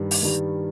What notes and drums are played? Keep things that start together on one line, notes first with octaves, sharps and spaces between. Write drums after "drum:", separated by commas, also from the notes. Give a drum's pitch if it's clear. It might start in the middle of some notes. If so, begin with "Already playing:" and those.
Already playing: G2 D#3 G3
drum: open hi-hat
G2 D#3 G3